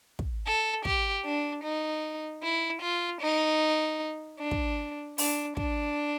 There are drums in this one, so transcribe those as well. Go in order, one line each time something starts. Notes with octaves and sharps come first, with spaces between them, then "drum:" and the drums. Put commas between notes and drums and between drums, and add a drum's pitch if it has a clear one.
drum: kick
A4
G4, drum: kick
D4
D#4
E4
F4
D#4
D4
drum: kick
D4, drum: open hi-hat
D4, drum: kick